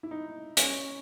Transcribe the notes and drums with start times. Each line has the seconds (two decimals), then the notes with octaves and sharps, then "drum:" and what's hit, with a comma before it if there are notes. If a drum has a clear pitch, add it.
0.03 E4
0.11 D#4
0.57 C#4, drum: hi-hat